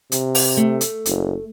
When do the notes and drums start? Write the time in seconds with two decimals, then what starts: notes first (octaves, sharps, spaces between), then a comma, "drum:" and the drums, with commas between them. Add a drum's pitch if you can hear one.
0.12 C3, drum: hi-hat
0.35 drum: open hi-hat
0.57 A3
0.81 drum: hi-hat
1.06 F#1, drum: hi-hat